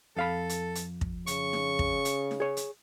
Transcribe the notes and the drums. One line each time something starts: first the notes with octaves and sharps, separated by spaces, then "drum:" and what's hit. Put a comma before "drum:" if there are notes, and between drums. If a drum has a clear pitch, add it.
F2 A4 F5 B5
drum: hi-hat
drum: hi-hat
drum: kick
C#3 C#6, drum: hi-hat
drum: snare D#4
drum: kick
drum: hi-hat
drum: snare D#4
G#4 C#5
drum: hi-hat